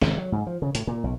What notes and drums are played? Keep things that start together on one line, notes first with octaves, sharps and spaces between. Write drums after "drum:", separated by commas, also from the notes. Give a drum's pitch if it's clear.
G#1, drum: snare
F#3
G#2
F3
C#3
A2, drum: hi-hat
A#2
B1